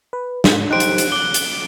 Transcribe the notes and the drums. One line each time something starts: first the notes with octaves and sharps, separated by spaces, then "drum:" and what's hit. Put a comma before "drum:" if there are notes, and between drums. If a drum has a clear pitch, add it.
B4
G#2, drum: snare
D#4 G4 C5 F#6 D7
drum: hi-hat
drum: hi-hat
D6 F#6 G7
drum: hi-hat